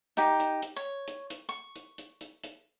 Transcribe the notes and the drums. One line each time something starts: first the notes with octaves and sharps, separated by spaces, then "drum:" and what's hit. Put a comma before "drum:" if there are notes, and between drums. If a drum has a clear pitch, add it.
D#4 G4, drum: hi-hat
drum: hi-hat
drum: hi-hat
C#5
drum: hi-hat
drum: hi-hat
C#6
drum: hi-hat
drum: hi-hat
drum: hi-hat
drum: hi-hat